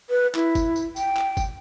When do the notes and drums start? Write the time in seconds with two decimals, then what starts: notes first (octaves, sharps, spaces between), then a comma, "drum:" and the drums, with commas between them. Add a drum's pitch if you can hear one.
0.10 B4
0.35 E4, drum: clap
0.55 drum: kick G1, tambourine
0.76 drum: tambourine
0.96 G5, drum: tambourine
1.17 drum: clap
1.37 drum: kick G1, tambourine